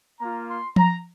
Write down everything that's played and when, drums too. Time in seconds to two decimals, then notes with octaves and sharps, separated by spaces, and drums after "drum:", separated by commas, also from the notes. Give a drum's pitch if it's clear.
0.20 A#3 F4 A#5
0.49 C6
0.76 A#5, drum: tom F3